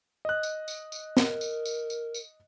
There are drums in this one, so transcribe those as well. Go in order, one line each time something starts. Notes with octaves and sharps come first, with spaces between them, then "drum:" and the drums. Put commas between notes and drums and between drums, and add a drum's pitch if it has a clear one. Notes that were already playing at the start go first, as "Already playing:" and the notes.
D#5 F#6
drum: tambourine
drum: tambourine
drum: tambourine
A#4, drum: snare
drum: tambourine
drum: tambourine
drum: tambourine
drum: tambourine